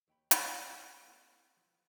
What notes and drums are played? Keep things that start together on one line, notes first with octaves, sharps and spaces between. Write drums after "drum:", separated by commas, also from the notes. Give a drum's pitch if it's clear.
D#2 G5 B5
A#2, drum: hi-hat
C#3 C4 F4 G4 D#5 G5
G3
A#3 C4 E4 A4 B4 E5
F3